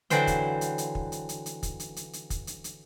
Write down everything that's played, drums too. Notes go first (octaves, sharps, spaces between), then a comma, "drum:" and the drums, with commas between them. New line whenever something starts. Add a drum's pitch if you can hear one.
D3 E3 F#3 C5 G5, drum: hi-hat
drum: kick, hi-hat
drum: hi-hat
drum: hi-hat
drum: kick
drum: hi-hat
drum: hi-hat
drum: hi-hat
drum: kick, hi-hat
drum: hi-hat
drum: hi-hat
drum: hi-hat
drum: kick, hi-hat
drum: hi-hat
drum: hi-hat